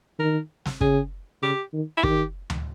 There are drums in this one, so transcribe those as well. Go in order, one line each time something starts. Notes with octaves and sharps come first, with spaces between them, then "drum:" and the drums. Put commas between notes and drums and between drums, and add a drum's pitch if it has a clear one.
D#3 A#4
drum: snare
C#3 G#4, drum: kick
C#3 G4
D#3
E4
D#3 G4, drum: kick
drum: tom D2